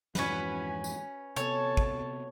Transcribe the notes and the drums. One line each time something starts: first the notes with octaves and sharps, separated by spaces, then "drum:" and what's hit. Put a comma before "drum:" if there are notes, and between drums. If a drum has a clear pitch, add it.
F2 G#2 E3 C#4 F#4 B4 G#5, drum: snare
drum: tambourine
C3 B3 A4 C#5 A5, drum: hi-hat
drum: kick